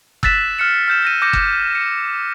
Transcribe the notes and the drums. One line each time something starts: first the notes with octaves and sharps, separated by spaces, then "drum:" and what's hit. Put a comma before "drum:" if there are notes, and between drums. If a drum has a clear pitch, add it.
E6 F#6 A6 B6 E7, drum: kick F#1
F6 F#6 C#7 E7
F6 G6 E7
G6 A#6 D#7
D6 G6 A#6 C#7
drum: kick F#1
C#7